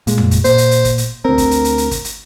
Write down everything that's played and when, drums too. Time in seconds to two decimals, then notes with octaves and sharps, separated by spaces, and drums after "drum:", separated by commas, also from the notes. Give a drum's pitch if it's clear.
0.07 A#2 G#3, drum: hi-hat
0.18 drum: tom F2
0.31 drum: kick, hi-hat
0.45 A#2 C5, drum: hi-hat
0.58 drum: hi-hat
0.71 drum: hi-hat
0.85 drum: kick, hi-hat
0.98 drum: hi-hat
1.25 D2 C4 A#4
1.38 drum: kick, hi-hat
1.51 drum: hi-hat
1.65 drum: hi-hat
1.78 drum: hi-hat
1.91 drum: kick, hi-hat
2.05 drum: hi-hat